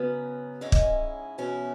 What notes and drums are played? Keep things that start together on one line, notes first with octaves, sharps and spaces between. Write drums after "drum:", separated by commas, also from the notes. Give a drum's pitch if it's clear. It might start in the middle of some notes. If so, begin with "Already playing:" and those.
Already playing: F#2 C#3 F#3 B3
G#2 G#3 C#4 E4
drum: kick
E2 B2 F#3 C#4 E4